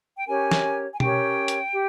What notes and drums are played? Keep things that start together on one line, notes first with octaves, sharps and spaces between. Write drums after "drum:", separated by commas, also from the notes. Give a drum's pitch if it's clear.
G5
C#4 G4 A#4 C#5 G#5
drum: snare
G#5
C#4 G4 A#4 C#5 G5, drum: tom B2
drum: hi-hat
G4